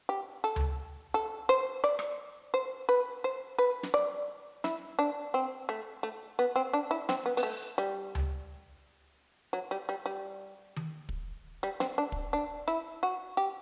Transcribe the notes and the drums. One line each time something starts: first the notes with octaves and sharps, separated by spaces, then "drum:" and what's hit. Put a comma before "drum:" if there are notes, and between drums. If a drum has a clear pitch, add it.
G4
A4
drum: tom C#2
A4
C5
D5, drum: hi-hat
drum: rim click
C5
B4
C5
B4
drum: snare
D5
E4, drum: snare
D4
C4
A3
A3
B3
C4
D4
E4
C4, drum: snare
B3
B3, drum: open hi-hat
A3
G3
drum: tom C#2
F#3
G3
G3
G3
drum: tom D#3
drum: kick
G3
C4, drum: snare
D4
drum: kick
D4
E4, drum: hi-hat
F#4
G4